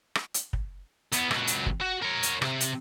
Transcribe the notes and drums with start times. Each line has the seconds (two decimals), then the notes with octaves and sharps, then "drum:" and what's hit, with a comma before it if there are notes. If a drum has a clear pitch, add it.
0.15 drum: rim click
0.34 drum: hi-hat
0.53 drum: kick
1.12 E2 B3, drum: hi-hat
1.31 C#2 F#3, drum: rim click
1.47 drum: hi-hat
1.66 drum: kick
1.81 F#4
2.02 A#4 C#5
2.23 drum: hi-hat
2.42 C3, drum: rim click
2.61 drum: hi-hat